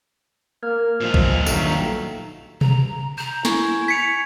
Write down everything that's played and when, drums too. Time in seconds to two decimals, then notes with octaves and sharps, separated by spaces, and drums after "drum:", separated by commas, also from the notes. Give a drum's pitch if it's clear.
0.63 A#3 F6 G#6
1.01 A#2 F3 D#4
1.14 drum: kick A1
1.46 G1 D#3 F#3 A4 E5 F5, drum: tambourine
2.61 A#5, drum: tom B2
3.18 A#5 G6 E7
3.45 E4 G#5 C#6 G#6, drum: snare
3.88 G#6 B6 C#7 D7 F7